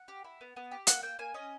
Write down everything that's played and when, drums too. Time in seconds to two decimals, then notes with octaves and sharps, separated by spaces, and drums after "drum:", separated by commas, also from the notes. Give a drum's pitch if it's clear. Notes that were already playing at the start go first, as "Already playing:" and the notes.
Already playing: F#5
0.08 G4
0.24 E4
0.41 B3
0.56 B3
0.71 G4
0.87 A#3 F#5, drum: hi-hat
1.02 A#3 G5
1.19 A#3 G#5
1.34 C#4 D#5